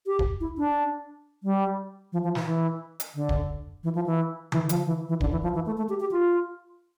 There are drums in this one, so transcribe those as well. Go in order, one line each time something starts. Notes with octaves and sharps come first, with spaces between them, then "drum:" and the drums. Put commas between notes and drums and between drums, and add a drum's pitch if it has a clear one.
G4
drum: kick D1
E4
D4
G3
F3
F3
E3, drum: snare
E3
drum: hi-hat
D3
drum: kick D1
E3
F3
E3
E3, drum: tom D3
F3, drum: hi-hat
E3
E3
D3, drum: kick D1
E3
F3
E3
A3
A3
G4
G4
F4